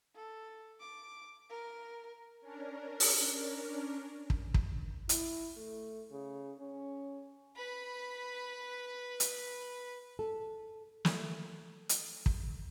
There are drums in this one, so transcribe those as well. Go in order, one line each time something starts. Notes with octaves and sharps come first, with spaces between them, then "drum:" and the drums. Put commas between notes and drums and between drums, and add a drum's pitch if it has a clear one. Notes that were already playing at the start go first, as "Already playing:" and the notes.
A4
D6
A#4
C#4 D4 A#4
drum: open hi-hat
drum: kick
drum: kick
E4, drum: hi-hat
A3
C#3
C#4
B4 B5
drum: hi-hat
A4
A3, drum: snare
drum: hi-hat
drum: kick